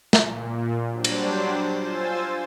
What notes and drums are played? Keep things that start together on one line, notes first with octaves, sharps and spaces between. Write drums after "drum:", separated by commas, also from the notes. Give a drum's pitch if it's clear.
A#2, drum: snare
F#3 G3 D4 C5
drum: cymbal
F4 C5 G#5 E6 A6